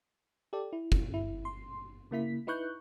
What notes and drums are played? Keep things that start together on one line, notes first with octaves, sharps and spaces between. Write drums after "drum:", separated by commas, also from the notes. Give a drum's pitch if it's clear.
G4 A4 D5
E4
drum: kick
G1 E4
C6
C#3 A#3 E4 B6
D#4 E4 B4 C#6 F#6 G6